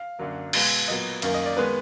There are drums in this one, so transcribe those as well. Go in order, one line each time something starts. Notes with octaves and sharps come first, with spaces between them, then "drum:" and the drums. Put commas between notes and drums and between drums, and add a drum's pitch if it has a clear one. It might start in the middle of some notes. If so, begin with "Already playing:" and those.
Already playing: F5
F#2 D3 F#3 A#3
B2 G#3 B3 F5, drum: cymbal
A#2 F#3 B3 D#5
F#2 D#3 A#3 F5, drum: cymbal
D#5
D5
D#3 G#3 B3 B4